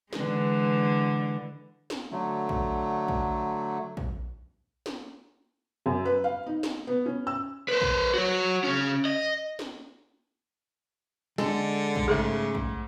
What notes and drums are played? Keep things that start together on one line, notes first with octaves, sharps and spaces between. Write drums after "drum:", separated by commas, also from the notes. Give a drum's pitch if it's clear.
D3 E3 G#3, drum: snare
drum: snare
D3 F#3 A3
drum: kick A#1
drum: kick A#1
drum: kick A#1
drum: snare
F#2
B4
F5
D#4
drum: snare
B3
C#4
E6
B4 C5
drum: kick A#1
F#4 C#5
C#3 C#4
D#5
drum: snare
D3 G#3 A4, drum: snare
drum: kick A#1
G#2 C#3 A3 G#4 A4 E5
drum: kick A#1